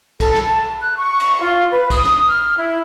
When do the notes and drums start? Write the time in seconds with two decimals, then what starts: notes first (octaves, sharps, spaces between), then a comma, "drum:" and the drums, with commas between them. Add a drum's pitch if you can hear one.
0.20 A4, drum: kick B1, cymbal
0.34 drum: snare
0.45 A5
0.81 F#6
0.98 C#6
1.20 drum: cymbal
1.40 F4
1.70 B4
1.90 D#6, drum: kick B1, cymbal
2.05 drum: snare
2.28 F6
2.56 E4